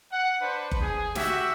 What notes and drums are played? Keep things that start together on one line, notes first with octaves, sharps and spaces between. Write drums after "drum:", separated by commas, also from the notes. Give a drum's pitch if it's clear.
F#5
D4 B4 C5
drum: kick F#1
G#4
F#4 G4 E5, drum: snare